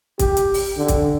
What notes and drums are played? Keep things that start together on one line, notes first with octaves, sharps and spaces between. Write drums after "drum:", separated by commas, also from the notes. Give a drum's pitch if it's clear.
G4, drum: kick, hi-hat
drum: hi-hat
drum: open hi-hat
D3
drum: kick, hi-hat